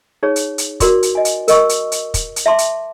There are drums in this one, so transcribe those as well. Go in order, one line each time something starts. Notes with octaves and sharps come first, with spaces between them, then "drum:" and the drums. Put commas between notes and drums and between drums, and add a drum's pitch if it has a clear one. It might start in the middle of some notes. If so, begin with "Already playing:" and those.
D#4 G#4 C#5
drum: hi-hat
drum: hi-hat
F#4 A#4 D5 C6 D6, drum: kick, hi-hat
drum: hi-hat
D#5 G#5
drum: hi-hat
A#4 D#5 C#6 E6, drum: hi-hat
drum: hi-hat
drum: hi-hat
drum: kick, hi-hat
drum: hi-hat
E5 A5 C6 D6
drum: hi-hat